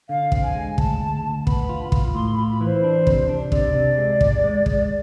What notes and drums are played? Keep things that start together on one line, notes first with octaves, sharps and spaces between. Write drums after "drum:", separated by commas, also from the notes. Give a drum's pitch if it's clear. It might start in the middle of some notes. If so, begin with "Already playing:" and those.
D3 F5
C4, drum: kick
G#5
G#3
D2 A5, drum: kick
D2
D2
B3 B5, drum: kick
F4
F4, drum: kick
A2 C6
B5
F4
B5
E3
C5
D4
C3, drum: kick
D4
C3 D5, drum: kick
C3
G#3
G#2, drum: kick
G#3
G#3, drum: kick